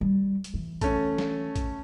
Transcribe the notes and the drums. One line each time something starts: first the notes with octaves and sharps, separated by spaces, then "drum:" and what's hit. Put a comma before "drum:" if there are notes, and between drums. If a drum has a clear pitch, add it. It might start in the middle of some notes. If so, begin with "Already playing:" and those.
G3
drum: hi-hat
E3
A3 C#4, drum: kick, hi-hat
drum: snare
drum: kick, hi-hat